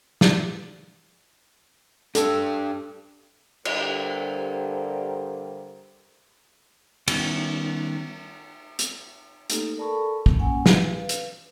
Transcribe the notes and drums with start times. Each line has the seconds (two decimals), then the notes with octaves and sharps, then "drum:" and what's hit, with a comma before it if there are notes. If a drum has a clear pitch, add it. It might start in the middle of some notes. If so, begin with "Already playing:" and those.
0.21 D5, drum: snare
2.15 D4 G4 A4, drum: hi-hat
3.65 G2 D3 G3 G4 A#4 C5, drum: cymbal
7.08 D#3 G3 B3 C#4, drum: cymbal
8.79 drum: hi-hat
9.50 A3 A#3 D#4 G4 A4, drum: hi-hat
9.77 A4 A#4 D5 A5 B5 C#6
10.26 drum: kick
10.39 A#3 C#4 F#5 G#5
10.66 B4 F5, drum: snare
11.09 drum: hi-hat